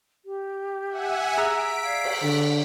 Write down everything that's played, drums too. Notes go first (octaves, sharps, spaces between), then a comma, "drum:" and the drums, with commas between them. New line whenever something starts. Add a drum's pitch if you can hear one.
G4
E5 F#5 G#5
G#4 A#5 E6 B6 D7
D5 F5 G#6
drum: cymbal
D3 D4